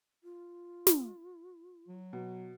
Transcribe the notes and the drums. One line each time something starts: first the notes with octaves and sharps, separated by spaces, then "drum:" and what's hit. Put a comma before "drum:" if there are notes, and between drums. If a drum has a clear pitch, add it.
F4
drum: snare
F#3
B2